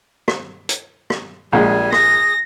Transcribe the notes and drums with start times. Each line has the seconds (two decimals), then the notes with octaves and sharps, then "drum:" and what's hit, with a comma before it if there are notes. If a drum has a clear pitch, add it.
0.28 drum: rim click
0.69 drum: hi-hat
1.10 drum: rim click
1.53 A#1 G3 G#3 G#5
1.92 G#4 A#6, drum: rim click